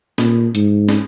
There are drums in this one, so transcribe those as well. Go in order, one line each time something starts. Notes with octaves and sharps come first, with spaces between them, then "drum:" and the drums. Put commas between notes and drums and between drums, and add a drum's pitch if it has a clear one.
A#2, drum: snare
G#2, drum: hi-hat
drum: snare